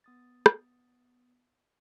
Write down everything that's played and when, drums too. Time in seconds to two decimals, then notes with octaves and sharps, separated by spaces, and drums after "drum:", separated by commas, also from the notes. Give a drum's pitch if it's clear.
0.04 B3 D#6 A6
0.46 drum: rim click